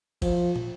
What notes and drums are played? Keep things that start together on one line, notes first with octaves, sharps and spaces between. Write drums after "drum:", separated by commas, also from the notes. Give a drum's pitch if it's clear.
F3, drum: kick, cymbal
drum: tom